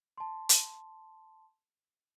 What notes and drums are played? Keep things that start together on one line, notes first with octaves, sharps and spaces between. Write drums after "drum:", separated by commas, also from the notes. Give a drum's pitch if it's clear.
A5 C6
drum: hi-hat